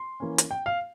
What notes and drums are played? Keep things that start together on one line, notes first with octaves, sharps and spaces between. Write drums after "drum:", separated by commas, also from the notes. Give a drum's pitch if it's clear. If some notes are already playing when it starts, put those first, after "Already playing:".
Already playing: C6
E3 A#3 C#4
drum: hi-hat
G5
F5